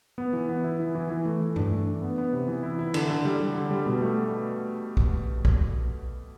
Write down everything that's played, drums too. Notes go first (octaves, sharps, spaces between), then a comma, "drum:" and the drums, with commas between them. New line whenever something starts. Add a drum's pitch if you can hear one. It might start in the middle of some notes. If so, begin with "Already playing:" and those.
B3
E3
B3
E4
E3
E3
E3
A3
E3
D4, drum: tom G2
A3
D4
B3
B3
C3
E3
E4
E4
D3, drum: cymbal
D3
G3
G3
D3
G3
B2
A3
drum: kick
drum: kick